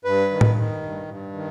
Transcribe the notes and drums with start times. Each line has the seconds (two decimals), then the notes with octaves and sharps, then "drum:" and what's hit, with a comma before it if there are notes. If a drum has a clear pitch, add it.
0.05 G2 B4
0.31 D#3
0.41 drum: tom A2
0.56 D#3
0.82 G2
1.08 G2
1.34 D#3